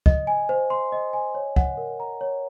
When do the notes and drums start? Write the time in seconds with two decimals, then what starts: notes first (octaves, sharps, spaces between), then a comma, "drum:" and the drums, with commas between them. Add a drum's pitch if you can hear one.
0.06 D#5, drum: kick
0.27 G#5
0.49 C5
0.70 C6
0.92 D#5
1.13 G#5
1.35 C#5
1.56 F#5, drum: kick
1.77 A#4
2.00 A#5
2.21 C#5